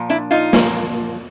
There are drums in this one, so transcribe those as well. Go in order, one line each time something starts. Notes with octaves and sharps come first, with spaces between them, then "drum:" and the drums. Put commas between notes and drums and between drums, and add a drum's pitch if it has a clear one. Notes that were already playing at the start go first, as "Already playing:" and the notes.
Already playing: A#2 F3
D4 E4
D#4 F4
A#2 F3, drum: snare